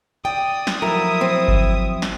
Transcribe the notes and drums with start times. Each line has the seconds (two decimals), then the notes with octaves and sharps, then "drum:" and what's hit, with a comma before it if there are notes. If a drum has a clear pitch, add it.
0.25 D5 G5 D#6
0.67 drum: snare
0.82 F3 F#3 E4 A#4 E5
1.21 C4
1.48 drum: kick G1
2.02 drum: snare